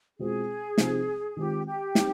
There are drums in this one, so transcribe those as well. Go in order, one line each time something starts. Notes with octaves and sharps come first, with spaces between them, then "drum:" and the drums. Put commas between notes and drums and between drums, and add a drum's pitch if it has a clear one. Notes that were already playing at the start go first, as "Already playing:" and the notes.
B2 G#3 C4 F4 G#4
C3 F3 C4 D#4, drum: snare
D#3 G#3 C4 F4 G4
G4
G3 C4 D#4, drum: snare